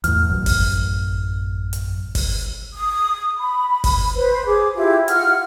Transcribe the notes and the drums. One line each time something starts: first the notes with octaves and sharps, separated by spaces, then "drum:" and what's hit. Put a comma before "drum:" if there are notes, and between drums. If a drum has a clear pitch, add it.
E2 A2 F6, drum: hi-hat
A1 F#2
drum: kick G1, open hi-hat
drum: hi-hat
drum: kick G1, open hi-hat
D#6
B5
drum: kick G1, open hi-hat
B4 C5
G#4 D6
E4 F4 G4
F4 F#5 F6, drum: hi-hat